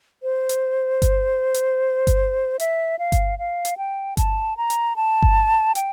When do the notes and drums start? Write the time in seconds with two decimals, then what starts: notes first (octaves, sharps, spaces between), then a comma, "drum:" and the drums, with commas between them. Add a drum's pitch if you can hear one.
0.23 C5
0.49 drum: hi-hat
1.02 drum: kick G1, hi-hat
1.54 drum: hi-hat
2.07 drum: kick G1, hi-hat
2.60 E5, drum: hi-hat
2.99 F5
3.12 drum: kick G1, hi-hat
3.39 F5
3.65 drum: hi-hat
3.78 G5
4.17 A5, drum: kick G1, hi-hat
4.57 A#5
4.70 drum: hi-hat
4.96 A5
5.22 drum: kick G1
5.75 G5, drum: hi-hat